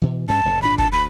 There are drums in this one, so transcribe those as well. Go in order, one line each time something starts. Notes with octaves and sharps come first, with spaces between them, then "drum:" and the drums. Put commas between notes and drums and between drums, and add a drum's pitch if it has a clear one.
B2 E3
G2 C#4 A5
F1 A2
G#1 A#2 D4 B5
A5, drum: kick
D2 B5